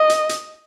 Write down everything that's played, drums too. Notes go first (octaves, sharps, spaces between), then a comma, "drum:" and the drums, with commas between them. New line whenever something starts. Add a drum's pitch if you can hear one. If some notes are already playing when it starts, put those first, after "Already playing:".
Already playing: D#5
drum: hi-hat
drum: hi-hat